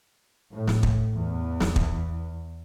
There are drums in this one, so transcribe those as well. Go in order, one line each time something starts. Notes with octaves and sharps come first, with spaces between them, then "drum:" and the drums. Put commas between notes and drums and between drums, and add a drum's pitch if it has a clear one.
A2
drum: snare
drum: kick
E2
drum: snare
drum: kick